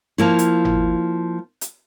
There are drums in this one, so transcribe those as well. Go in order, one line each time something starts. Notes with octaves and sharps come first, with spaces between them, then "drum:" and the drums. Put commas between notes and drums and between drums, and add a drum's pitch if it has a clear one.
F3 A#3 E4
drum: hi-hat
drum: tom G1
drum: hi-hat